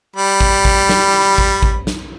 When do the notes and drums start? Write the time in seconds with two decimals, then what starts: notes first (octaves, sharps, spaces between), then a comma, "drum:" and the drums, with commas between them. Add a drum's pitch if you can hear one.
0.16 G3 B5
0.41 drum: kick G#1
0.65 drum: kick G#1
0.89 drum: snare
1.38 drum: kick G#1
1.63 drum: kick G#1
1.87 drum: snare